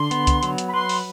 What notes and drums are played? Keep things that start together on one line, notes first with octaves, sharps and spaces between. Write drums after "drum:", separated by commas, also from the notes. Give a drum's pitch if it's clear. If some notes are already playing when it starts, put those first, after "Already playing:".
Already playing: D3 C6
B3, drum: hi-hat
drum: kick C2, hi-hat
F#3, drum: hi-hat
drum: hi-hat
B5
B4 C6
drum: open hi-hat